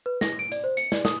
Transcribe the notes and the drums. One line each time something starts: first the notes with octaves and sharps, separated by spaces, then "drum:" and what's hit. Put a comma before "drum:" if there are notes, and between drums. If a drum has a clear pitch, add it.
B4
A#6, drum: snare
D7
D5, drum: hi-hat
C5
C#7, drum: hi-hat
D5, drum: snare
D#6, drum: snare